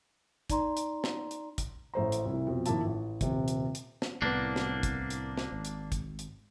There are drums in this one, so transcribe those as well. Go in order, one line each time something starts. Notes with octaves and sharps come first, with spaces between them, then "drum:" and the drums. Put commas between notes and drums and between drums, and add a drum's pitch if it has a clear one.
D#4 D5 A#5 C6, drum: kick, hi-hat
drum: hi-hat
drum: snare
drum: hi-hat
drum: kick, hi-hat
A1 A3 C5 A#5
drum: hi-hat
C2 E4
F2 B2
A#1 D#3 A#3 E4 E5 A5, drum: hi-hat
A1
D#1 C3, drum: kick, hi-hat
drum: hi-hat
drum: hi-hat
drum: snare
C2 A2 A#3 B3 D4
drum: snare
drum: kick, hi-hat
drum: hi-hat
drum: snare
G#1
drum: hi-hat
drum: kick, hi-hat
drum: hi-hat